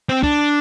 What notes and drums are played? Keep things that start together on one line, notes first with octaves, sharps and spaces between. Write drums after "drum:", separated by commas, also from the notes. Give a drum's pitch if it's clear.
C4
D4, drum: kick